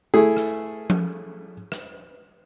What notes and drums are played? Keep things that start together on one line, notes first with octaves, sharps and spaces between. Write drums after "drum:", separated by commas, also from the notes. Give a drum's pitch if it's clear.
A3 E4 G#4
drum: rim click
drum: tom F3
drum: rim click